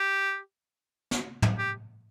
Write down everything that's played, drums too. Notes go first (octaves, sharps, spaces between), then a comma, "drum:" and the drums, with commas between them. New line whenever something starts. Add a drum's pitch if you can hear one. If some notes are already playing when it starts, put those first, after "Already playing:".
Already playing: G4
drum: snare
drum: tom
G4